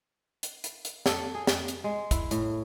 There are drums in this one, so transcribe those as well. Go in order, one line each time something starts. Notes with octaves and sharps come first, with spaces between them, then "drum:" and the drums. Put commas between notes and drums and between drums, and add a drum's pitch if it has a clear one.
drum: hi-hat
drum: hi-hat
drum: hi-hat
A4, drum: snare
G#4
drum: snare
drum: hi-hat
G#3
E4, drum: kick, hi-hat
A2, drum: hi-hat